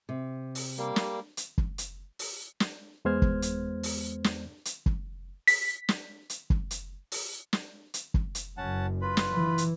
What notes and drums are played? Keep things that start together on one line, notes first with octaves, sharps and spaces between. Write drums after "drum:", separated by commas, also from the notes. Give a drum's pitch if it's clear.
C3
drum: open hi-hat
G3 A#3
drum: snare
drum: hi-hat
drum: kick
drum: hi-hat
drum: open hi-hat
drum: snare
E2 G#3 B3 C5 F6 G#6
drum: kick
drum: hi-hat
drum: open hi-hat
drum: snare
drum: hi-hat
drum: kick
B6, drum: open hi-hat
drum: snare
drum: hi-hat
drum: kick
drum: hi-hat
drum: open hi-hat
drum: snare
drum: hi-hat
drum: kick
drum: hi-hat
F#1 F#2 C#4 F#5 A5
F4 B4 B5
drum: snare
E3
drum: hi-hat